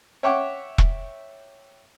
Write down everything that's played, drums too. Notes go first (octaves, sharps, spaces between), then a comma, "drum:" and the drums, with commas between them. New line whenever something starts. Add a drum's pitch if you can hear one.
C#5 E5 F#5 G5 C#6 D6
drum: kick E1